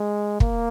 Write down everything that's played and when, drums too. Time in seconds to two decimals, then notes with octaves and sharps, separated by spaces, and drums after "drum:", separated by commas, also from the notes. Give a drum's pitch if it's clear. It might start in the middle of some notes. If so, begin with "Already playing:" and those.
Already playing: G#3
0.40 A#3, drum: kick